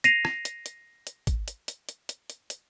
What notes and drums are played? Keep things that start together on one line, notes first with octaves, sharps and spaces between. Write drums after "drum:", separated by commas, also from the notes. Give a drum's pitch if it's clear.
A#6 C7 D#7 F7, drum: hi-hat
drum: rim click
drum: hi-hat
drum: hi-hat
drum: hi-hat
drum: kick, hi-hat
drum: hi-hat
drum: hi-hat
drum: hi-hat
drum: hi-hat
drum: hi-hat
drum: hi-hat